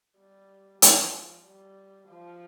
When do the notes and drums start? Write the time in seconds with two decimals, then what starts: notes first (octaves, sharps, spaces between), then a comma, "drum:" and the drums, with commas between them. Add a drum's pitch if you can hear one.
0.19 G3
0.82 F3, drum: hi-hat
1.44 G3
2.08 F3